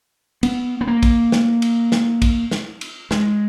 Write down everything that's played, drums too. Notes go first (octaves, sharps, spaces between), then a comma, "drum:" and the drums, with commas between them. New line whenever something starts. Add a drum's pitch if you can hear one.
B3, drum: cymbal
B3
A#3
drum: kick, cymbal
drum: snare
drum: cymbal
drum: snare
drum: kick, cymbal
drum: snare
drum: cymbal
G#3, drum: snare